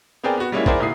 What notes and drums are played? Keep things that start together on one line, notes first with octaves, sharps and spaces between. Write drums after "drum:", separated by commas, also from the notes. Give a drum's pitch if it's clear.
B3 C4 G#4 A#4 D5 G5
B3 F#4
G3 G#3 A#3 C#4 D#4 E4
E4 G#4 A#4 C5 D5 F#5, drum: kick
E1 D#2 E4 D#6 C7